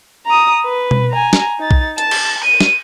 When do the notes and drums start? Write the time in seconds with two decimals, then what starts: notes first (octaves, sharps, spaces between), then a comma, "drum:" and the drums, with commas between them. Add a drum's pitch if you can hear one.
0.26 A#5 D#6
0.64 B4
0.91 drum: tom B2
1.11 G#5 A#5
1.33 drum: snare
1.59 D#4 A6
1.71 drum: kick
1.98 A5, drum: hi-hat
2.11 drum: cymbal
2.44 D#7
2.60 drum: snare